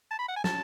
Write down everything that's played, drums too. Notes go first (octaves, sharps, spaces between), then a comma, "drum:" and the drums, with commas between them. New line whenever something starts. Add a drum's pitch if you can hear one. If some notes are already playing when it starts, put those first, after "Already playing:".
A5
B5
F#5
G#5
A5, drum: snare